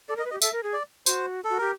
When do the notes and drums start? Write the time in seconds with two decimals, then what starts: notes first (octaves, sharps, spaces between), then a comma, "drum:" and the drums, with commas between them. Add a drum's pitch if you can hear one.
0.09 A4 D5
0.16 A#4 D#5
0.25 B4
0.31 G4 D#5
0.42 A4 E5, drum: tambourine
0.52 A#4
0.63 G#4
0.73 D5
1.06 F#4 C5, drum: tambourine
1.44 A4
1.50 F#4
1.58 G4 A#4